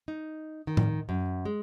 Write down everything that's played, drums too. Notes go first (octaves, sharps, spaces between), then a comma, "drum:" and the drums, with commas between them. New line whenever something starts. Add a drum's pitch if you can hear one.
D#4
D#3
drum: tom A2
F#2
G#3